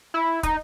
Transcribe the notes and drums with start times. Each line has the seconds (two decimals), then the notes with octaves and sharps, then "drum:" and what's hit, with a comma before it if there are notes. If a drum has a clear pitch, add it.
0.14 E4
0.43 D#4, drum: kick, hi-hat